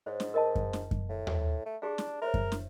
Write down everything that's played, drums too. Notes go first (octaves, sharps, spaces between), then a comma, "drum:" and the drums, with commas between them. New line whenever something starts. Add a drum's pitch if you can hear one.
G#2 C5 C#5
drum: snare
A#4 D#5 A5
drum: kick F#2
drum: snare
drum: kick F#2
A2
drum: tom D#2
A3
D4 G4 G#4 F5
drum: snare
A#4 C5 C#5 E5
drum: kick F#2
drum: snare